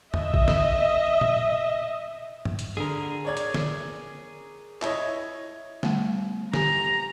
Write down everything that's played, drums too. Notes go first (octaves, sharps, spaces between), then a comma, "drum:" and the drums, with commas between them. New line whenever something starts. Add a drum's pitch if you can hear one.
D#5 E5, drum: tom E2
drum: kick A#1
drum: snare
drum: tom A#2
drum: tom G2
drum: hi-hat
D3 G#4 A#4
C#5 D5 G#6
drum: hi-hat
drum: snare
E4 C#5 D#5, drum: clap
G3 A3 B3, drum: snare
G4 G#5 A#5, drum: snare